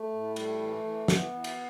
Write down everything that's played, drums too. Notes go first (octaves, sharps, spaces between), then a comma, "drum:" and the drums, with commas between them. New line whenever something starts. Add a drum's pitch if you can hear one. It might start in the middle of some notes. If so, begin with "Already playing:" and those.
Already playing: A3
A2
G3 A3, drum: cymbal
E3
E3
E3 B3, drum: snare
E3
drum: cymbal